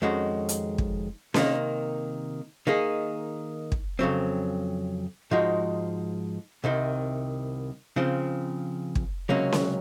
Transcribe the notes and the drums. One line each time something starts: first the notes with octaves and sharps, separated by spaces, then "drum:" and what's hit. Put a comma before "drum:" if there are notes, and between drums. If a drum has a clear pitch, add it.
F2 D#3 G#3 C#4 F#4
drum: hi-hat
drum: kick
C3 D#3 A#3, drum: snare C#4
D#3 A#3 D#4 G#4
drum: kick
F2 C#3 F#3 C4
G#2 F3 G#3 D#4 F#4
C2 C3 D#3
C#3 F3 C4
drum: kick
C#2 C3 F#3 A#3 C#4
drum: snare C#4